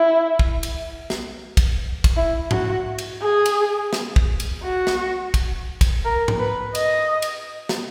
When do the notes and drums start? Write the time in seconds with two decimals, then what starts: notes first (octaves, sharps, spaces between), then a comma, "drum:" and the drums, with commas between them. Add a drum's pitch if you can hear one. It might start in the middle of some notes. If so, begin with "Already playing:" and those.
Already playing: E4
0.39 drum: kick
0.63 drum: cymbal
1.10 drum: snare
1.57 drum: kick, cymbal
2.04 drum: kick, cymbal
2.16 E4
2.51 F#4, drum: tom G#2
2.98 drum: cymbal
3.22 G#4
3.46 drum: cymbal
3.93 drum: snare
4.16 drum: kick
4.40 drum: cymbal
4.63 F#4
4.87 drum: snare
5.34 drum: kick, cymbal
5.81 drum: kick, cymbal
6.05 A#4
6.28 drum: tom G#2
6.39 B4
6.75 D#5, drum: cymbal
7.22 drum: cymbal
7.69 drum: snare